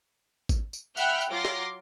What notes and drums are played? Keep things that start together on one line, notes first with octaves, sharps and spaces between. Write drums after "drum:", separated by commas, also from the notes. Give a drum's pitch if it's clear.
drum: kick G#1, tambourine
drum: tambourine
E5 F#5 G5 B5 F6 G6, drum: tambourine
drum: tambourine
F#3 F4 C6 D6 A#6
drum: snare